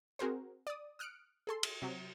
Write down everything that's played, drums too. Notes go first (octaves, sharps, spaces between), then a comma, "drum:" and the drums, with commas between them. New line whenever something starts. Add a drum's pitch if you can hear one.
C4 F#4 G#4 A#4 C5
D5 D#6
D#6 F6 F#6 C#7 D7
G#4 A4 C6
drum: cymbal
C3 F#3